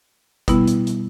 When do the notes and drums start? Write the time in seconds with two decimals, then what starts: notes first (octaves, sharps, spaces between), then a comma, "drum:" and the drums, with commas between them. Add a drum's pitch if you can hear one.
0.48 B2 G3 B3 E4, drum: kick G1, hi-hat
0.67 drum: hi-hat
0.87 drum: hi-hat